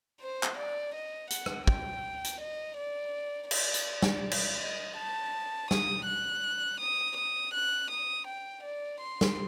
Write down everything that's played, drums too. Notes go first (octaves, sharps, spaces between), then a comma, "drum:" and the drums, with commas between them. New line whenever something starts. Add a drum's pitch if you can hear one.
C5
drum: clap
D5
D#5
F#5, drum: hi-hat
drum: rim click
G5, drum: kick
drum: hi-hat
D#5
D5
D5, drum: cymbal
drum: hi-hat
drum: snare
drum: cymbal
D#5
A5
D#6, drum: snare
F#6
D#6
D#6
F#6
D#6
G5
D5
C6
drum: snare